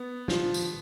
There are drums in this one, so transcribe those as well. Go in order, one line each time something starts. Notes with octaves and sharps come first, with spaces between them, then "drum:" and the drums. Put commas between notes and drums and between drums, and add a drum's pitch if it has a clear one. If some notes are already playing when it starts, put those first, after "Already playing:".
Already playing: B3
F3, drum: snare
drum: tambourine